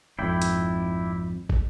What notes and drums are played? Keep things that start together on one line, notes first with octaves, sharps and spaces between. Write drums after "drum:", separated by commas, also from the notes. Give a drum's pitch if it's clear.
G#1 F2 E4 D5 G5
drum: hi-hat
drum: kick